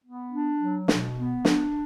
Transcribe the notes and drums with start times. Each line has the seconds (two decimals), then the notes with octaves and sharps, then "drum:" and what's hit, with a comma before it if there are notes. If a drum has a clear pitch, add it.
0.03 B3
0.31 D4
0.60 F#3
0.88 B2, drum: snare
1.16 B3
1.45 D4, drum: snare